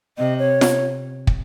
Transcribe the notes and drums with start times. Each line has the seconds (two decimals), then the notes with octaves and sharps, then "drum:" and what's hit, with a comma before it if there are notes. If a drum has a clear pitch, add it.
0.18 C3 D#5
0.39 C#5
0.61 drum: snare F4
1.27 drum: kick